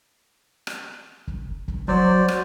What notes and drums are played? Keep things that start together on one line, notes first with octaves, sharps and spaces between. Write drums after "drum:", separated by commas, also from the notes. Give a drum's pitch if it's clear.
drum: rim click
drum: kick
drum: kick
F#3 C5 D5
drum: rim click